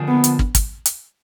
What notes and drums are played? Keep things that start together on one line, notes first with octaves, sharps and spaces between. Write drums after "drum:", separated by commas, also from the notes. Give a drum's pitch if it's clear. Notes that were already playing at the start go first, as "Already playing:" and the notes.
Already playing: D3 F3 A#3 D4 G#4
B3
drum: hi-hat
drum: kick
drum: kick, hi-hat
drum: hi-hat